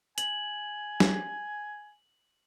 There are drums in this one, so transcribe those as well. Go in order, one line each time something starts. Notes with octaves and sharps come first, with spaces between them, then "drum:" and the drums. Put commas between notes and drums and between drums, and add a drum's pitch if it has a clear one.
G#5 F#7, drum: hi-hat
drum: snare